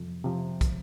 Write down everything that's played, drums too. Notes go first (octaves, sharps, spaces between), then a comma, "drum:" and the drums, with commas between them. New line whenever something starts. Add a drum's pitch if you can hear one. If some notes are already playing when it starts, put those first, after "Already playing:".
Already playing: F2 C3 F3
C3 F3
drum: kick, hi-hat